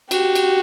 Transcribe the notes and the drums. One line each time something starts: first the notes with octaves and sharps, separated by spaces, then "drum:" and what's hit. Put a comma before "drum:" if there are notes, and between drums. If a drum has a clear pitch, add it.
F#4 G4, drum: cymbal
drum: cymbal